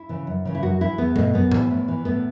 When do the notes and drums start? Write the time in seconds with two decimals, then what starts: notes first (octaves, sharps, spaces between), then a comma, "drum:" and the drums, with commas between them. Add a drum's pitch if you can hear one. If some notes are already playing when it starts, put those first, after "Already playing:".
Already playing: E4
0.09 C#3 E3
0.27 F#2
0.45 C#3 E3
0.55 E4
0.63 F#2 F#4
0.81 E3 E4
0.98 E2 B3
1.16 B2 A3, drum: tom G2
1.34 F#2 B3
1.51 E3, drum: tom A2
1.71 A2
1.88 E3
2.05 A2 B3